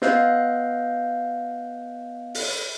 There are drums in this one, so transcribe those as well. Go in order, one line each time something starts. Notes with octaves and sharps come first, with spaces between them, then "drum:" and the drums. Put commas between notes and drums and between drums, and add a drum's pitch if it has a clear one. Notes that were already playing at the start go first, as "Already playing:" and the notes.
B3 D#5 F5 F#6 G6, drum: snare
drum: open hi-hat